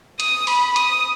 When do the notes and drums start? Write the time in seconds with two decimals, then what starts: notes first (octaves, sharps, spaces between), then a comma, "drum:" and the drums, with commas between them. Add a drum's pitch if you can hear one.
0.20 D#6, drum: hi-hat
0.47 B5, drum: open hi-hat
0.76 D#6, drum: hi-hat